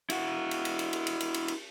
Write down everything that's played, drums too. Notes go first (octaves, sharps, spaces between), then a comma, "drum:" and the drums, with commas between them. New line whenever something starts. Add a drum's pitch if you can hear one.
E4 F#4, drum: cymbal
drum: cymbal
drum: cymbal
drum: cymbal
drum: cymbal
drum: cymbal
drum: cymbal
drum: cymbal
drum: cymbal